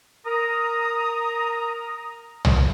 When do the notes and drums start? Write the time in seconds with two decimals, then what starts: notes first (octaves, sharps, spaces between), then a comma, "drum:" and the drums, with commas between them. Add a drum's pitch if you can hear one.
0.26 A#4 A#5 D#6
2.45 drum: tom